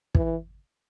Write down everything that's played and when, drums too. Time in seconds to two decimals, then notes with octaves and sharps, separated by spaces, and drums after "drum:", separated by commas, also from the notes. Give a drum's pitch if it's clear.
0.15 E3, drum: kick